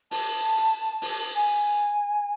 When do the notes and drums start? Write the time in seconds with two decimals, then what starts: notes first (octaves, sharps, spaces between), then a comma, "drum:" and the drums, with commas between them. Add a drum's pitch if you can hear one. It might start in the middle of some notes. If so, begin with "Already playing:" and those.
0.11 A5, drum: open hi-hat
0.58 drum: hi-hat
1.02 drum: open hi-hat
1.35 G#5